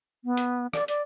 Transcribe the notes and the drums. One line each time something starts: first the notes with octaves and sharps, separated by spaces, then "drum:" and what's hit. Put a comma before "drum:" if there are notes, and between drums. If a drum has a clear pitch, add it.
B3
drum: hi-hat
D5, drum: rim click
D5, drum: hi-hat